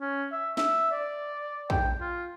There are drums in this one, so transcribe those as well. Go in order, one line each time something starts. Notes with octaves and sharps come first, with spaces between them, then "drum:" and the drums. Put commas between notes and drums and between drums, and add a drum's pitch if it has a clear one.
C#4
E5
E5, drum: snare D4
D5
G5, drum: kick
F4